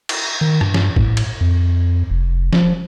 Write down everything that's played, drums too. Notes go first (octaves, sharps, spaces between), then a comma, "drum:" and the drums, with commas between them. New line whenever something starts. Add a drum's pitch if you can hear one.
drum: cymbal
D#3
G2, drum: rim click
drum: snare
A2, drum: kick G1
drum: cymbal
F2
F1
F3, drum: snare